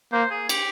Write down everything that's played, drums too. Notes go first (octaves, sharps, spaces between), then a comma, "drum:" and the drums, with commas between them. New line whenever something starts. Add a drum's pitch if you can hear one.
A#3 C5
G#4
G4, drum: cymbal